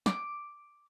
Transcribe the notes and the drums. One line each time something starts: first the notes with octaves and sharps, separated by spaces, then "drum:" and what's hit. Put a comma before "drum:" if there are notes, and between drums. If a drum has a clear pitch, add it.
D6, drum: snare